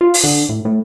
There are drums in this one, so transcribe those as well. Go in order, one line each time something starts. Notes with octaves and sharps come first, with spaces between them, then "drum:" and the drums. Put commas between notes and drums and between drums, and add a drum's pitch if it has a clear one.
F4
drum: open hi-hat
D3
A2
A2